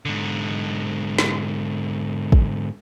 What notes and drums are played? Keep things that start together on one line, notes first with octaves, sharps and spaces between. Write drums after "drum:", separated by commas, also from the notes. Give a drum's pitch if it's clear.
G#2 D3
drum: snare
drum: kick